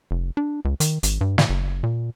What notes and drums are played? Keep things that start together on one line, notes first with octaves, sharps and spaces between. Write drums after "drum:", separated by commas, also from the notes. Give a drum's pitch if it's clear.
F1
D4
C#2
D#3, drum: hi-hat
G#1, drum: hi-hat
G2
A2, drum: snare
F#1
A#2